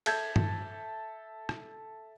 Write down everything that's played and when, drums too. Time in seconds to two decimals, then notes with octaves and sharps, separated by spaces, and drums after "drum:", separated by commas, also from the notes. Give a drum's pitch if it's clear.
0.06 A4 E5 G6 G#6, drum: cymbal
0.36 drum: tom G2
1.49 drum: rim click